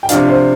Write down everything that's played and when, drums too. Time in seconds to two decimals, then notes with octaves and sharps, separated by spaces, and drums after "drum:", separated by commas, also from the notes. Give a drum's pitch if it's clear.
0.03 G5
0.09 C3 F3 D4 F5, drum: hi-hat
0.29 C5